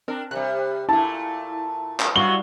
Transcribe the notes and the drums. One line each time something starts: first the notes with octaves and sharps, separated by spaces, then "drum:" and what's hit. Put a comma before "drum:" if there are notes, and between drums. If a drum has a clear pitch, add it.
C4 D4 A#4
C3 G3 F#6
A#2 A3 E4 A5
drum: clap
F#3 G3 B3 E4 F#4 F5 G7